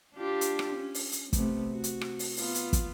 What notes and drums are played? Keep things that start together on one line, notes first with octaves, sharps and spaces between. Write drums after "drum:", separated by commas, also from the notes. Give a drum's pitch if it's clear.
D4 F4 G4
drum: hi-hat
drum: rim click
C#4
drum: open hi-hat
drum: hi-hat
C3 A3 B3, drum: kick, hi-hat
F#4
drum: hi-hat
drum: rim click
drum: open hi-hat
B3 F4, drum: open hi-hat
drum: hi-hat
drum: kick, hi-hat